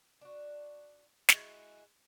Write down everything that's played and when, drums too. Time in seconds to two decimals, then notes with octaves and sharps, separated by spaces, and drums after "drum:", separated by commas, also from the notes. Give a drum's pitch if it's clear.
0.21 D4 F#4
1.29 G#3 E4 F#4, drum: snare